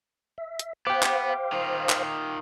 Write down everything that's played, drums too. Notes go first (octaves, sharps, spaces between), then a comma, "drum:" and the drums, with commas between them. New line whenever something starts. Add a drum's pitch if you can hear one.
E5
drum: hi-hat
B3 C5 F5 G5 D6
drum: clap
D#3 F4
drum: clap